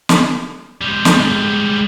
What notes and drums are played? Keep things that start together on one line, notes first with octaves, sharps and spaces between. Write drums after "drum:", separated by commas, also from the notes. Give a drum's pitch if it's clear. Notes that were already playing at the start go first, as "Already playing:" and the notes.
drum: snare
G3 G#3
drum: snare